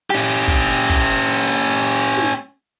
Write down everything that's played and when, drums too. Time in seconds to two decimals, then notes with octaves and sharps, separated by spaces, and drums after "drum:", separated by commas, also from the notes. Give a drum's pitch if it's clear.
0.10 C#4 G4
0.21 drum: open hi-hat
0.48 drum: kick
0.90 drum: kick
1.21 drum: hi-hat
2.17 drum: snare